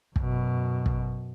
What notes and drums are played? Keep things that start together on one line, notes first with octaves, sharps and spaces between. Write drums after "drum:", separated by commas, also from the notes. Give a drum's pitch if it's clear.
F#2 B2, drum: kick
drum: kick